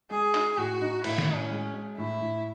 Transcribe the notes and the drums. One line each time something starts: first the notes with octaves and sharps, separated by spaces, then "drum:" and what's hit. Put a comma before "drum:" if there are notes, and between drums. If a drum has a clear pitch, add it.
G#3 G#4
D#4, drum: clap
A2 F#4
D#4
A2 E4, drum: cymbal
drum: snare D#3
A2
C#4
G#3
G#3
A2 E4
A2